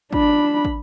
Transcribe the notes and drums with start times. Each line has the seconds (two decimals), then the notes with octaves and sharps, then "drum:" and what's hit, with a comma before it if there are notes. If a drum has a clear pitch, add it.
0.13 D4 B5, drum: kick
0.65 drum: kick